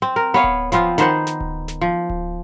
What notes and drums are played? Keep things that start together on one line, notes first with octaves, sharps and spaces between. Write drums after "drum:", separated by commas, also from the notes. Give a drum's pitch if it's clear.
C4
A#4
B3 C#5 F5
drum: kick D1
F3 B3 C4 F4, drum: snare
D#3 B3 C5 F#5, drum: snare
drum: snare
drum: kick D1
drum: snare
F3
drum: kick D1